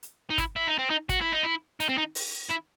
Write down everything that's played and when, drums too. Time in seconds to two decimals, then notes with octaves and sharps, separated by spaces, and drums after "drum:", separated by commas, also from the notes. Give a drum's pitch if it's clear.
0.03 drum: hi-hat
0.30 D#4
0.38 E4, drum: kick, hi-hat
0.56 E4
0.67 D#4
0.79 C4
0.90 D#4
1.09 F#4, drum: kick, hi-hat
1.21 E4
1.32 D#4
1.43 E4
1.80 D#4, drum: hi-hat
1.89 C4
1.98 D#4
2.15 drum: open hi-hat
2.50 E4